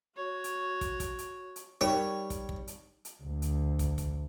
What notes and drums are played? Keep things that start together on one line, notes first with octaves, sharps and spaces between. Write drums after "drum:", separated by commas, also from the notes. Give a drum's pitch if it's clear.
F#4 C#5
drum: hi-hat
drum: kick, hi-hat
drum: kick, hi-hat
drum: hi-hat
drum: hi-hat
G3 D#4 A#4 C#5 G5
drum: kick, hi-hat
drum: kick
drum: hi-hat
drum: hi-hat
D2
drum: hi-hat
drum: kick, hi-hat
drum: kick, hi-hat